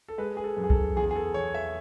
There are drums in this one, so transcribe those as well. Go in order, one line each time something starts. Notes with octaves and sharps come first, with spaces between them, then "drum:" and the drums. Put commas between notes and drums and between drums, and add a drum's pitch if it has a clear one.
A4
G#3 B4
G#4
A4
F#2
G#4
A4, drum: kick B1
E2 G#4
G#4
A4
E2 C#5
E5